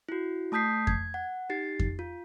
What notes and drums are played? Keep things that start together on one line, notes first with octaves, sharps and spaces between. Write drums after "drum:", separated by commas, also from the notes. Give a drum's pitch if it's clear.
E4 F#4
A3 A5 D#6 G6 B6 C7
G#6, drum: kick F2
F#5
D#4 G4 A6 C7
drum: kick F2
F4